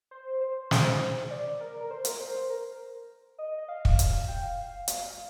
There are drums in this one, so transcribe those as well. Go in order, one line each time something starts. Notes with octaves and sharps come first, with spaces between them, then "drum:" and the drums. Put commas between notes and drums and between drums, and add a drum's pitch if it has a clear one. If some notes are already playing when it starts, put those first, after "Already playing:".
C5
C5
C5, drum: snare
D5
A#4
A#4
C5
A#4, drum: hi-hat
C5
A#4
D#5
D#5
F5
drum: kick
drum: hi-hat
G5
F5
F5
F5, drum: hi-hat